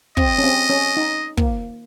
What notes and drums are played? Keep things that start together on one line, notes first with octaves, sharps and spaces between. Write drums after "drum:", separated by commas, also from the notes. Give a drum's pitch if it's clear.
C4 D#5, drum: kick
C#4
C4
C#4
D#4
A#3, drum: kick